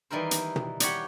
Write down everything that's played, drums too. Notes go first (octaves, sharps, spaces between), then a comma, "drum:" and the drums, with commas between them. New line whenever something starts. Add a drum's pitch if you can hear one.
D#3 E3 G3 E4 A#4 C5
drum: hi-hat
drum: tom
G3 G4 C#5 F#5, drum: hi-hat